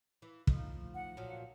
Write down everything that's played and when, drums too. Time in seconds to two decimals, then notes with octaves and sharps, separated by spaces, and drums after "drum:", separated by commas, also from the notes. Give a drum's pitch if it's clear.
0.22 E3
0.47 F3 A3 D#4, drum: kick
0.94 F#5
1.17 A#2 F3 F#3